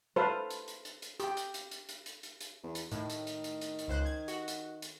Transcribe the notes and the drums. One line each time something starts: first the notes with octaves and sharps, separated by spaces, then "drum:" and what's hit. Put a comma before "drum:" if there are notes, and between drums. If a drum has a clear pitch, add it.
A4 B4 C5 F5
drum: hi-hat
drum: hi-hat
drum: hi-hat
drum: hi-hat
G4 G5, drum: hi-hat
drum: hi-hat
drum: hi-hat
drum: hi-hat
drum: hi-hat
drum: hi-hat
drum: hi-hat
drum: hi-hat
E2
drum: hi-hat
A2 D#3, drum: hi-hat
drum: hi-hat
drum: hi-hat
drum: hi-hat
drum: hi-hat
drum: hi-hat
C#2 C5 F#6
G#6
F#4, drum: hi-hat
drum: hi-hat
drum: hi-hat